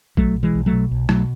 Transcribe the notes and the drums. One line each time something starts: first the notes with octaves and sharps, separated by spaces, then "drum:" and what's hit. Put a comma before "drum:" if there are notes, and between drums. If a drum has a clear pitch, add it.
B1 F#3 A3, drum: kick
B2
E3 G#3
B1
F#3 A3
B2
B1
B2 F#3 A3, drum: rim click